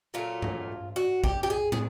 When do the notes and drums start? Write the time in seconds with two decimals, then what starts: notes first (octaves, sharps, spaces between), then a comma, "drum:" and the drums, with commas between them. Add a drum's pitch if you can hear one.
0.14 A#2 F#3 A3 F4
0.42 drum: tom G2
0.96 F#4
1.24 G4, drum: kick A1
1.43 G4
1.50 G#4
1.72 G#4, drum: tom